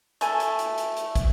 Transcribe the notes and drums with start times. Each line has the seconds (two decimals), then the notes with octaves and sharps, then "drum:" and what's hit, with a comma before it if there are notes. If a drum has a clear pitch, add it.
0.21 A3 G#5, drum: hi-hat
0.40 drum: hi-hat
0.59 drum: hi-hat
0.78 drum: hi-hat
0.97 drum: hi-hat
1.15 drum: kick, hi-hat